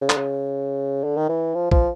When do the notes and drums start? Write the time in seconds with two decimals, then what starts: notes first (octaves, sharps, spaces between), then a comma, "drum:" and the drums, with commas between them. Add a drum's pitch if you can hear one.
0.01 C#3
0.10 D3, drum: clap
0.17 C#3
1.04 D3
1.16 D#3
1.29 E3
1.55 F3
1.71 F3, drum: kick